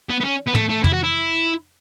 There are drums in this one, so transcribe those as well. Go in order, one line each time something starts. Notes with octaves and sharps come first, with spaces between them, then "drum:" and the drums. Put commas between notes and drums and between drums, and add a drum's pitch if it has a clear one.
B3
B3
C#4
B3
A3, drum: tom
A3
E4, drum: tom
F#4
E4